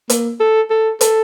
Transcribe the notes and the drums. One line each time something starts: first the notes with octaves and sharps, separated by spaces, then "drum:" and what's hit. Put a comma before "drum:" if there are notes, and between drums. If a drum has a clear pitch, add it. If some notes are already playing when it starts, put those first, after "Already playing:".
A#3, drum: hi-hat
A4
A4
A4, drum: hi-hat